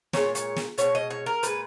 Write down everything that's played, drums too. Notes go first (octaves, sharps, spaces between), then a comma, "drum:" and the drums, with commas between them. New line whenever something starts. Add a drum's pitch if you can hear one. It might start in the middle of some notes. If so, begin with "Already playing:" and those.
A#2 G#3 C#5, drum: snare
C#5, drum: hi-hat
drum: snare
B2 G#3 C#5, drum: hi-hat
D#5
C#5
A#4
A#2 G#3 B4, drum: hi-hat